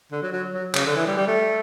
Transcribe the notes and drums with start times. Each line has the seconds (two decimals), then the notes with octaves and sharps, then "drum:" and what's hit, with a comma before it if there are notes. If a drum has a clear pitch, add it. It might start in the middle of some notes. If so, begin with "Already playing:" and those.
0.12 D3
0.22 F#3
0.33 F#3
0.54 F#3
0.75 C#3, drum: clap
0.85 D3
0.96 E3
1.06 G3
1.17 G3
1.28 A3